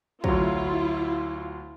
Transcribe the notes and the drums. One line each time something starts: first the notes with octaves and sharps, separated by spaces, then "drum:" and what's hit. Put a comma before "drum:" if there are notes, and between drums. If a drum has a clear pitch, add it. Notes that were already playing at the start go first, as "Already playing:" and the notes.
D2 F#3 E4 F4, drum: kick